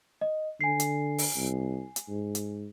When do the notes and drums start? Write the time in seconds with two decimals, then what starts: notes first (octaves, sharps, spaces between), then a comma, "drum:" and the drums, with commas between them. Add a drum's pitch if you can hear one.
0.21 D#5
0.61 D3 G#5 C7
0.80 drum: hi-hat
1.18 drum: open hi-hat
1.36 C2
1.96 drum: hi-hat
2.08 G#2
2.35 drum: hi-hat